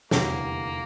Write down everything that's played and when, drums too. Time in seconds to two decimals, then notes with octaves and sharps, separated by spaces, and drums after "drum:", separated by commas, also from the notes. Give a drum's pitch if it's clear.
0.11 F1 E2 D3 G3 A#3, drum: snare